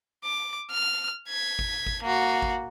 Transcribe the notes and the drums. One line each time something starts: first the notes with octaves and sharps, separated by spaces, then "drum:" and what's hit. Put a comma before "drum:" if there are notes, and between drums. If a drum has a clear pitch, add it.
D6
F6
G#6 B6
drum: kick G#1
drum: kick G#1
A#3 F#4
drum: kick G#1